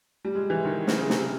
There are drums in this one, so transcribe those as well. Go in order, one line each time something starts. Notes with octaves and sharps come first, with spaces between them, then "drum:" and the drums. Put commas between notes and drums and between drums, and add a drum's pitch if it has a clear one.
G3
G#3
E3
D#3
C#3, drum: snare
C3, drum: snare